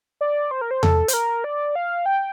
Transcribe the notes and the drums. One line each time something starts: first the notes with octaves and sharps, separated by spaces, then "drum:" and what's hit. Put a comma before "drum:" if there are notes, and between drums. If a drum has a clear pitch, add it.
D5
C5
A#4
C5
A4, drum: tom E2
C5, drum: hi-hat
A#4
D5
F5
G5